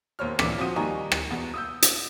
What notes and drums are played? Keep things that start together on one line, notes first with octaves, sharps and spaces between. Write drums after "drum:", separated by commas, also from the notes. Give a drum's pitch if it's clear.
E1 D#2 C5 C#5 F6
G1 A#2 D3 E3 D6 B6, drum: rim click
F3 C4 F#4 D#6 D#7
D#2 G3 D#4 G#5 A#5 C#6
drum: rim click
E2 B2
D#6 E6 G6
drum: hi-hat